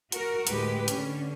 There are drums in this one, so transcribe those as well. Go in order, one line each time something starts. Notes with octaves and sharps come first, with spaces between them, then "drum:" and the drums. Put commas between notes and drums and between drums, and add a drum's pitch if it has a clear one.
F#4 A#4, drum: hi-hat
D2 A2 G#3 G4 B4, drum: hi-hat
D3 C#4, drum: hi-hat